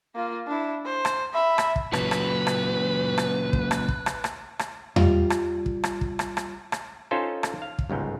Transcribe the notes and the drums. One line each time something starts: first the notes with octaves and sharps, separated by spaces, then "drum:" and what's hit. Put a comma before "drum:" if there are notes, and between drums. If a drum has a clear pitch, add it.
A#3 F4
D4 E4
C5
drum: rim click
E5 B5
drum: rim click
drum: kick
A#2 C#3 F#3 B4, drum: rim click
drum: rim click
drum: rim click
drum: rim click
drum: kick
drum: rim click
drum: kick
drum: rim click
drum: rim click
drum: rim click
G3 F4, drum: tom E2
drum: rim click
drum: kick
drum: rim click
drum: kick
drum: rim click
drum: rim click
drum: rim click
C#4 D#4 F4 A4 C5
drum: rim click
F5
drum: kick
G1 C#2 G#2 G5